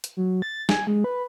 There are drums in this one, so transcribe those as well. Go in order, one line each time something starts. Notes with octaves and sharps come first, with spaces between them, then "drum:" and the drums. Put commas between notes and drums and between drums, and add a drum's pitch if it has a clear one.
drum: hi-hat
F#3
A6
G#5, drum: snare
G#3
B4